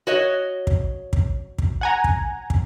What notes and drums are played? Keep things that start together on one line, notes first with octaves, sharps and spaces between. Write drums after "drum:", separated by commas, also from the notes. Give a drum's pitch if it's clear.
F#4 C#5 D#5
drum: kick
drum: kick
drum: kick
F#5 G#5 A#5
drum: kick
drum: kick